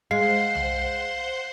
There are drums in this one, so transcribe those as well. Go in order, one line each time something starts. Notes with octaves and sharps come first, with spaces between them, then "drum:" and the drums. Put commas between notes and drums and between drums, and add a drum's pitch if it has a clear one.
G#3 C5 F5 F#5 C6 C7
drum: tom B1